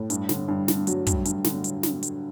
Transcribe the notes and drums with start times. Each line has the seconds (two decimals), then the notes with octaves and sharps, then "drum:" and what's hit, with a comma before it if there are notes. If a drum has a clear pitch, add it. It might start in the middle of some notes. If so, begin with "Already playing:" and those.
Already playing: A2
0.10 G2, drum: hi-hat
0.29 D3, drum: snare
0.48 G2
0.68 D3, drum: snare
0.87 G2 F#3, drum: hi-hat
1.07 G2, drum: kick, hi-hat
1.25 G2, drum: hi-hat
1.45 D3, drum: snare
1.64 drum: hi-hat
1.83 drum: snare
2.03 drum: hi-hat